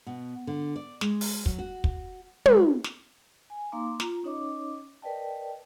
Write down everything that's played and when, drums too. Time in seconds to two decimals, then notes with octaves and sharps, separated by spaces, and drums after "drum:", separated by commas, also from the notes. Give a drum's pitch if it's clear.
0.07 B2
0.47 D3
0.76 D5
1.01 G#3, drum: snare
1.21 drum: open hi-hat
1.46 F#3, drum: kick
1.59 F#4
1.84 drum: kick
2.46 G#3, drum: tom
2.84 drum: snare
3.50 G#5
3.72 A#3 D#4 F5 A#5 C6 D6
4.00 F4 A#5, drum: snare
4.23 C#4 D#4 C#5 D#5 D6
5.02 A#4 B4 D5 D#5 G5 A5